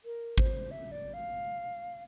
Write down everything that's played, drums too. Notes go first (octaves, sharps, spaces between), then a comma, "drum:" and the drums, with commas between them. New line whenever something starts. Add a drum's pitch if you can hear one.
A#4
C5, drum: kick
E5
D5
F5